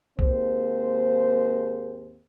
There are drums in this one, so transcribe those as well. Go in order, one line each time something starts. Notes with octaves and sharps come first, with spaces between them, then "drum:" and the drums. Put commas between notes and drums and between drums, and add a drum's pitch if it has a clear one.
D#2 G#2 A#3 C4 G#4 C5, drum: kick B1